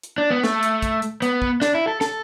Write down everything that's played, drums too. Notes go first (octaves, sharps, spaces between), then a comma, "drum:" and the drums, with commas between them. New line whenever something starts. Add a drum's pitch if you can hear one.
drum: hi-hat
D4
B3
A3, drum: snare
drum: hi-hat
drum: kick, hi-hat
drum: hi-hat
B3, drum: hi-hat
drum: kick
D4, drum: snare
E4
A4
A4, drum: snare